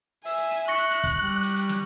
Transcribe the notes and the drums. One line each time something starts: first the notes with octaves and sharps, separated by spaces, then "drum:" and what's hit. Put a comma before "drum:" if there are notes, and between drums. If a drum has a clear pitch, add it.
E5 G#5, drum: open hi-hat
drum: hi-hat
drum: hi-hat
C#6 F#6 A#6 C#7
drum: hi-hat
drum: hi-hat
drum: kick, hi-hat
G3
drum: hi-hat
drum: hi-hat
drum: snare